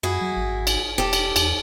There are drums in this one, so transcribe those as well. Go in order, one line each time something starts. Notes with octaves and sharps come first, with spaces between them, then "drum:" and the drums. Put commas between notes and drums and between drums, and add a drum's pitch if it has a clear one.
F#2 E4 F#4 G#4
F#3
G#1
drum: cymbal
E1 G4 A4
drum: cymbal
E2, drum: cymbal